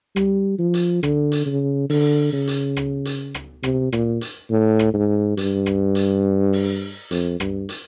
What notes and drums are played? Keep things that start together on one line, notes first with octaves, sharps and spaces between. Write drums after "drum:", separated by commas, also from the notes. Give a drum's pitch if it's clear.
G3, drum: rim click
F3
drum: hi-hat
D3, drum: rim click
drum: hi-hat
C#3
D3, drum: open hi-hat
C#3
drum: hi-hat
drum: rim click
drum: hi-hat
drum: rim click
C3, drum: rim click
A#2, drum: rim click
drum: hi-hat
A2
drum: rim click
G#2
G2, drum: hi-hat
drum: rim click
drum: hi-hat
drum: open hi-hat
F2, drum: hi-hat
G2, drum: rim click
drum: hi-hat